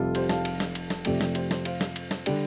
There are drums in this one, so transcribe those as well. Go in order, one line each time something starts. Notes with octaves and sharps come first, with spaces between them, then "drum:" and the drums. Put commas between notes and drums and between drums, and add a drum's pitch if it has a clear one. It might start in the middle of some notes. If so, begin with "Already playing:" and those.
Already playing: F1 F2 C3 G3 C4 F4 A4
G4 C5, drum: cymbal
F5 A5, drum: snare
drum: cymbal
drum: snare
drum: cymbal
drum: snare
F2 C3 F3 A3 D5 G5, drum: cymbal
G4, drum: snare
G4 C5, drum: cymbal
G4 C5, drum: snare
C5 F5, drum: cymbal
drum: snare
drum: cymbal
drum: snare
D3 G3 D4 D5 G5, drum: cymbal